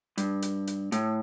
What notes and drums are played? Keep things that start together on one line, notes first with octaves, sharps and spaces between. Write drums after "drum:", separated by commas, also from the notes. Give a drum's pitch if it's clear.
G2, drum: hi-hat
drum: hi-hat
drum: hi-hat
A2, drum: hi-hat